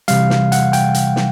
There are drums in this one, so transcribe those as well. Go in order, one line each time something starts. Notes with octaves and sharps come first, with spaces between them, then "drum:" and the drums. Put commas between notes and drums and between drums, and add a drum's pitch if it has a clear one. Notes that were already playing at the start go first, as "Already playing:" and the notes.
C3 E3 G3 F5, drum: hi-hat
drum: snare
F#5, drum: hi-hat
G5, drum: hi-hat
drum: hi-hat
drum: snare